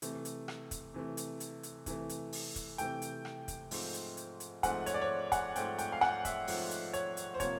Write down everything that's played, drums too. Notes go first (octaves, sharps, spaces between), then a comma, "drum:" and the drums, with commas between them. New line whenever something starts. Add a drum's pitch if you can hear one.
C3 E3 A3, drum: hi-hat
drum: hi-hat
drum: rim click
drum: kick, hi-hat
C3 E3 A3
drum: hi-hat
drum: hi-hat
drum: hi-hat
C3 E3 A3, drum: kick, hi-hat
drum: hi-hat
drum: open hi-hat
drum: kick, hi-hat
C3 E3 A3 G5, drum: hi-hat
drum: hi-hat
drum: rim click
drum: kick, hi-hat
G#2 F3 A3 C4, drum: open hi-hat
drum: hi-hat
drum: hi-hat
drum: hi-hat
G#2 F3 A3 C4 F#5, drum: kick, hi-hat
C#5, drum: hi-hat
D5
C#5
F#5, drum: kick, hi-hat
G#2 F3 A3 C4 G5, drum: hi-hat
G5, drum: hi-hat
F5
F#5, drum: rim click
E5, drum: kick, hi-hat
G#2 F3 A3 C4, drum: open hi-hat
drum: hi-hat
C#5, drum: hi-hat
drum: hi-hat
C5
C3 F3 A#3 C#5, drum: kick, hi-hat